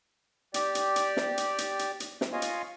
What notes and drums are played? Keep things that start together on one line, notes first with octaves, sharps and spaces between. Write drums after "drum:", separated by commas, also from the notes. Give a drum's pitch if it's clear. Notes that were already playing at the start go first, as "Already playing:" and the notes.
G4 D5, drum: hi-hat
drum: hi-hat
drum: hi-hat
drum: snare
drum: hi-hat
drum: hi-hat
drum: hi-hat
drum: hi-hat
drum: snare
F4 C#5 D#5 F5 G#5
drum: hi-hat